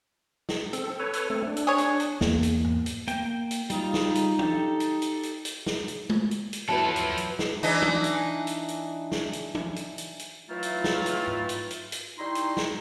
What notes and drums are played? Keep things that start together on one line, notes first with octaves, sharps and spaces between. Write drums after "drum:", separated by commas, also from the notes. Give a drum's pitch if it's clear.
drum: snare
C4 A4, drum: hi-hat
A4 B4 C#5
drum: hi-hat
A3 C4 A4
D4
drum: hi-hat
G#4 C#5
drum: hi-hat
drum: hi-hat
E2 A#3, drum: snare
drum: hi-hat
drum: tom G#2
drum: hi-hat
A#3 G5, drum: hi-hat
drum: hi-hat
G3 D#4 F4, drum: hi-hat
drum: snare
drum: hi-hat
G4 A4, drum: tom
drum: hi-hat
drum: hi-hat
drum: hi-hat
drum: hi-hat
drum: snare
drum: hi-hat
drum: tom G#3
drum: hi-hat
drum: hi-hat
F3 F#3 E4 A4 B4 A5
drum: hi-hat
drum: hi-hat
drum: snare
E3 D4 D#4, drum: hi-hat
drum: tom
drum: hi-hat
drum: hi-hat
drum: hi-hat
drum: snare
drum: hi-hat
drum: tom
drum: hi-hat
drum: hi-hat
drum: hi-hat
D#3 E3 F#3 A3 E4 F4
drum: hi-hat
drum: snare
drum: hi-hat
drum: tom G#2
drum: hi-hat
drum: hi-hat
drum: hi-hat
D#3 G3 D#4 E4 C6
drum: hi-hat
drum: snare